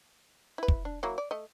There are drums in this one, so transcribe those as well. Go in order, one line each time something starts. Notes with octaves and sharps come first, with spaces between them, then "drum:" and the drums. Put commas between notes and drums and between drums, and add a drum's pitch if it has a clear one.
E4 B4
drum: kick
D4
F#3 A#3 E4
D5
A3 D#5